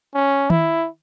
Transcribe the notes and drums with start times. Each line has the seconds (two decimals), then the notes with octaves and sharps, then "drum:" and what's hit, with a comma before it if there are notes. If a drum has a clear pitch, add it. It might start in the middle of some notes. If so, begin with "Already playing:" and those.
0.15 C#4
0.50 E4, drum: tom D#3